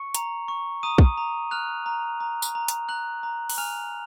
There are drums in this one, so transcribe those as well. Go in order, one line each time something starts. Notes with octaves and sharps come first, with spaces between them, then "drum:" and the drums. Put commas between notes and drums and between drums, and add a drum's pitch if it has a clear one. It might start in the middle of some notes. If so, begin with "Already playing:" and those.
Already playing: C#6 C#7
A#5, drum: hi-hat
C#6
A#5 D#6 D#7
drum: kick
A#5
F6 F#6 F7
A#5
A#5
drum: tambourine
A#5
drum: hi-hat
A#5 F#6 F#7
A#5
F#7, drum: open hi-hat
G#5 F6 F7